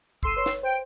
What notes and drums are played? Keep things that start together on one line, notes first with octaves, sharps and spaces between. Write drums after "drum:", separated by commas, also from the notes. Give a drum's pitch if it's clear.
G1 A4 C6 E6 D#7, drum: kick
B4 C#5
drum: snare
C5 G5